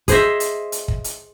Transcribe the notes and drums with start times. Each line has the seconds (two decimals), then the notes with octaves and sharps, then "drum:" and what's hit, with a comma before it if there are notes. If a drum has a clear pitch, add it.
0.08 G#4 C5 D#5 E5, drum: kick, hi-hat
0.40 drum: hi-hat
0.72 drum: hi-hat
0.88 drum: kick
1.04 drum: hi-hat